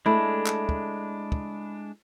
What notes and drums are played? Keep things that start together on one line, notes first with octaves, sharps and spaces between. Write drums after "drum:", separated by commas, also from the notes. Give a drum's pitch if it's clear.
G#3 A3 D4 E4 B5
drum: clap
drum: kick
drum: kick